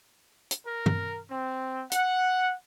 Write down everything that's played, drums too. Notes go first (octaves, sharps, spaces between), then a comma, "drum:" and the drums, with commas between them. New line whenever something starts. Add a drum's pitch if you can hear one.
drum: hi-hat
A#4
drum: tom G2
C4
F#5, drum: hi-hat